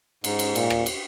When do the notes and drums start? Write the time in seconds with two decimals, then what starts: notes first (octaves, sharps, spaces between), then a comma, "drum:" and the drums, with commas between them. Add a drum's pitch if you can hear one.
0.24 G#2, drum: cymbal
0.39 drum: cymbal
0.55 A#2, drum: cymbal
0.70 drum: rim click
0.86 drum: cymbal